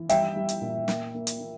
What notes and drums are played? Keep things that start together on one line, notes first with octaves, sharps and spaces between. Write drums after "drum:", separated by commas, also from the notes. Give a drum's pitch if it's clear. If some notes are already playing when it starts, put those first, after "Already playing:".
Already playing: E3
G3 E5 G5, drum: hi-hat
G3
drum: hi-hat
A#2
A#3, drum: snare
A#3
drum: hi-hat
A#3